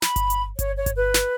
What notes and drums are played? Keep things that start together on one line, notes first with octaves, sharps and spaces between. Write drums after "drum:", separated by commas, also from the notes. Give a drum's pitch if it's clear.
B5, drum: snare
drum: kick G1, hi-hat
drum: hi-hat
C#5, drum: kick G1, hi-hat
C#5
drum: kick G1, hi-hat
B4
drum: snare